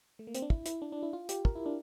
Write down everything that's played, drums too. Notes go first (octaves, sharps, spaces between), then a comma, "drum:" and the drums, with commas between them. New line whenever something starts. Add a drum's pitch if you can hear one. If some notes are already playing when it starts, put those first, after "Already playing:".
A3
A#3
C4, drum: hi-hat
D4
E4, drum: kick
E4, drum: hi-hat
D4
D4
E4
F4
G4, drum: hi-hat
A#4, drum: kick
E4
D4